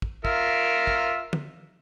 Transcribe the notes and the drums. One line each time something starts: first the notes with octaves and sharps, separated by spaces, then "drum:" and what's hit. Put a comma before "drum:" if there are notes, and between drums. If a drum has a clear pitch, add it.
drum: kick
F4 A#4 E5, drum: kick
drum: kick
drum: tom